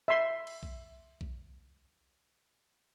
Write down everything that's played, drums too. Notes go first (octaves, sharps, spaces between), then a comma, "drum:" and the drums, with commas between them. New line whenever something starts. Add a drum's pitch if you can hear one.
E5 C6
drum: cymbal
drum: kick B1
drum: kick B1